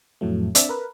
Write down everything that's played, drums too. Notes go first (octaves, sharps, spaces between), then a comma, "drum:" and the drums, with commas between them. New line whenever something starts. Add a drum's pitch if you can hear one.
F2 A2 F#3 A3
C4 D4 D5 E5, drum: hi-hat
A#4 B4